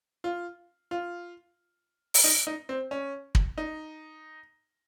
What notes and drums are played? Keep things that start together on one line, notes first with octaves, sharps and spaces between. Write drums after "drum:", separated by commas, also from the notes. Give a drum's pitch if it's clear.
F4
F4
drum: open hi-hat
D#4
D#4
C4
C#4
drum: kick
D#4